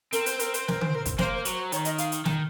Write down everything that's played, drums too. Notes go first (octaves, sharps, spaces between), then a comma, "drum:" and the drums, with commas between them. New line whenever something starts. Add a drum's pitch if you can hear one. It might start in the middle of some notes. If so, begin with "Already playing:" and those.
C4 A#4, drum: hi-hat
C5, drum: hi-hat
A#4, drum: hi-hat
C5, drum: hi-hat
A#4, drum: snare
C5, drum: tom D3
A#4
drum: kick, hi-hat
A#3 C5, drum: snare
C5
F#3, drum: hi-hat
C5
D#3 C#5, drum: hi-hat
D#5, drum: hi-hat
F5, drum: hi-hat
drum: hi-hat
D#3, drum: snare